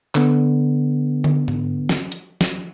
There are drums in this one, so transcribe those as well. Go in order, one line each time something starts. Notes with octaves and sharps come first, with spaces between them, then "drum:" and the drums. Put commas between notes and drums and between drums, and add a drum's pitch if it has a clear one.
D3 B3, drum: clap
drum: tom D3
drum: tom G#2
drum: snare
drum: hi-hat
drum: snare